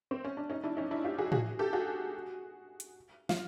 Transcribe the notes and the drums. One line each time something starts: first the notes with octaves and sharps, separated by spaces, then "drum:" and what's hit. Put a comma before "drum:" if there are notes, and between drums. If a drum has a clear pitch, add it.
C4
C#4
D4
C#4 D#4
D4 E4
C#4 D#4
D4 E4
F4 G4
F#4 G#4
F#4 G#4, drum: tom A2
G4 A4
F#4 G#4
drum: hi-hat
F4, drum: snare